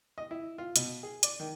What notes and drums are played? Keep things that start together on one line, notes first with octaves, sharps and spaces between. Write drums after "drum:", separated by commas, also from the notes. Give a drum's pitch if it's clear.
D#5
E4
F4
B2, drum: hi-hat
G#4
D5, drum: hi-hat
D#3